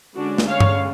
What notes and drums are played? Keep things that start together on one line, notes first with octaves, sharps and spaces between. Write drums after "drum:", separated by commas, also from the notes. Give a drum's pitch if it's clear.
D3 G#3 C#4 D4 F#4
drum: snare
C#5 F5
drum: tom G2